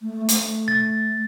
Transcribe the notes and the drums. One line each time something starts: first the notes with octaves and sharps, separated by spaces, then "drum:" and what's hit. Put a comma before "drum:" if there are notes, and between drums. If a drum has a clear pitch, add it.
A3
A3, drum: hi-hat
A6